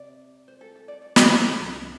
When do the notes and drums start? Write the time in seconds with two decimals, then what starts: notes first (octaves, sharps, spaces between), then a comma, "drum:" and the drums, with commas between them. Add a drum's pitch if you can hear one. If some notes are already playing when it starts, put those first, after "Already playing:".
Already playing: C3 D5
0.48 C5
0.61 A4
0.76 A4
0.88 D5
1.02 D5
1.16 F5, drum: snare
1.29 C5
1.44 A4
1.57 C2 C3 F3 D4 G4